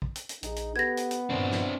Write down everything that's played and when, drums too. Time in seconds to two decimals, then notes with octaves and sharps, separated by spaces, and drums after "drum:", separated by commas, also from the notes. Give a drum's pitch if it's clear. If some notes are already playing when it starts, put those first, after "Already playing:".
0.02 drum: kick
0.15 drum: hi-hat
0.29 drum: hi-hat
0.43 A#1 D#4 G#4, drum: hi-hat
0.56 drum: hi-hat
0.76 B3 G4 A4 B4 G#6 A#6
0.97 drum: hi-hat
1.11 drum: hi-hat
1.30 G2 A#2 D#3 C4 D4
1.52 drum: snare